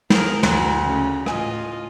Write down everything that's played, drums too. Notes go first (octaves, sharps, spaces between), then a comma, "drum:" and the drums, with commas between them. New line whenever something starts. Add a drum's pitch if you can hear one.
F3 G#4 A#4, drum: snare
D2 F#4 A#5 F#6, drum: snare
C#3 C#4
A2 F4 D#5 G#5, drum: rim click